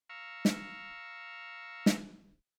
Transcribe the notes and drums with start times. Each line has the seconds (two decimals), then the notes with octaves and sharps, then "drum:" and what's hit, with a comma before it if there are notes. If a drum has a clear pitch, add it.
0.10 F5 A#5 C#6 E6
0.45 drum: snare
1.86 drum: snare